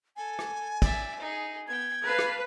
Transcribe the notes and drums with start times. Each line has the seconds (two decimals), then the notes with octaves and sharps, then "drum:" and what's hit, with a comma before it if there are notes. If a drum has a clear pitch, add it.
0.16 A4 G#5
0.39 drum: rim click
0.82 D5 E5, drum: kick, cymbal
1.20 D#4 G#4
1.68 B3 G5 G#6
2.05 B4 F5 A5
2.19 drum: rim click